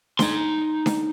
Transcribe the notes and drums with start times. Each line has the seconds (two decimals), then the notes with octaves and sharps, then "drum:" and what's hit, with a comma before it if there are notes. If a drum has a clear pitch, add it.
0.19 D#4 C6, drum: snare D4
0.86 drum: snare D4